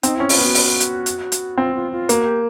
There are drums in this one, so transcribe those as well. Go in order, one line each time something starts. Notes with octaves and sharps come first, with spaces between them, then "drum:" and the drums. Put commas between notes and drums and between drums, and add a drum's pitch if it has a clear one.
C4 D#4, drum: hi-hat
C#4 E4
F4, drum: open hi-hat
B3 F#4
drum: open hi-hat
drum: hi-hat
drum: hi-hat
drum: hi-hat
C4 F4
F4
F4
A#3 F#4, drum: hi-hat
G4